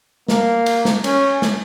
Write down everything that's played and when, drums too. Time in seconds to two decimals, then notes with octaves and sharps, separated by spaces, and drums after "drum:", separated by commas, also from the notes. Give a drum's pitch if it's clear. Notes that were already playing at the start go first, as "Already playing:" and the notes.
0.28 A#3, drum: snare
0.66 drum: cymbal
0.85 drum: snare
1.04 C#4, drum: cymbal
1.42 drum: snare